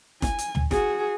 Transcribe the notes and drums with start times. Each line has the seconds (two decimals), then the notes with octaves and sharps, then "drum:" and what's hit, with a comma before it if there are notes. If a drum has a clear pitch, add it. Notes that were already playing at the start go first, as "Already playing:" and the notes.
0.22 G#5, drum: snare
0.39 drum: hi-hat
0.55 drum: tom
0.71 F#4 G#4, drum: snare